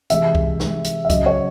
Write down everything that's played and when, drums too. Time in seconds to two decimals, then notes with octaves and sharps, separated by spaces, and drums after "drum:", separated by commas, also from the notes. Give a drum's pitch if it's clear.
0.10 C3 E3 G#3 E5, drum: hi-hat
0.35 drum: kick C2
0.60 drum: snare
0.84 drum: hi-hat
1.05 E5
1.10 C#3 F#3 D#5, drum: kick C2, hi-hat
1.26 C#5